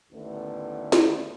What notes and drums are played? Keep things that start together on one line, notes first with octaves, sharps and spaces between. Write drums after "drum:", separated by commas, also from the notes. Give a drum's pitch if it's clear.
A1 D#2 D3 A3 B3
drum: snare